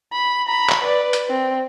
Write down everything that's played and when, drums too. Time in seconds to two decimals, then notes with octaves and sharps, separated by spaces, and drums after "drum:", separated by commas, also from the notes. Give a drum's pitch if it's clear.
0.13 B5
0.47 A#5 B5
0.69 drum: clap
0.82 B4 D5
1.13 drum: hi-hat
1.29 C4